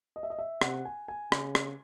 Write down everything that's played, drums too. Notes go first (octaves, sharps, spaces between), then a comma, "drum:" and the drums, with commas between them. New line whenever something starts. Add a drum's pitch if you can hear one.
D#5
E5
D#5
E5
C3 F#5, drum: rim click
G#5
G#5
C#3, drum: rim click
drum: rim click